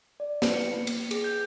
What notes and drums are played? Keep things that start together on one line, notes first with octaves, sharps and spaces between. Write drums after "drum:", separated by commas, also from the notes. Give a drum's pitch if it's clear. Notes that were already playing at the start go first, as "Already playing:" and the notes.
D5
B4, drum: snare
C#7
A#3
drum: cymbal
G#4, drum: cymbal
G6